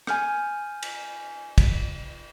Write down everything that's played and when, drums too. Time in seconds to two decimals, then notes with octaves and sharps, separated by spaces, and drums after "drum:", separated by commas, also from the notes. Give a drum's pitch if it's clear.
0.07 G#5 F6 G6, drum: rim click
0.83 drum: cymbal
1.58 drum: kick, cymbal